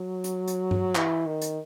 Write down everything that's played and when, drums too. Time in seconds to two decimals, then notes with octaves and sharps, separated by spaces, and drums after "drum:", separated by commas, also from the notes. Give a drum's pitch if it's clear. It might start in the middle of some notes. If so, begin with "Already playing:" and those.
Already playing: F#3
0.24 drum: hi-hat
0.48 drum: hi-hat
0.71 drum: tom G2
0.95 E3, drum: clap
1.26 D#3
1.42 drum: hi-hat